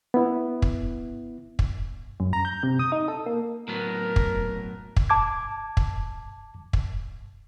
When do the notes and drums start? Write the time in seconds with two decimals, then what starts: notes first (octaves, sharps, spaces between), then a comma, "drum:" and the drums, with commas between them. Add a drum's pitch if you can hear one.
0.14 B3 E4
0.62 drum: kick
1.59 drum: kick
2.20 F#2
2.33 A#5
2.45 G6
2.63 C3
2.79 D#6
2.92 D#4
3.08 A4
3.26 A#3
3.68 A2 F#3 B3 A#4
4.16 drum: kick
4.96 drum: kick
5.10 A5 D6 G#6
5.77 drum: kick
6.73 drum: kick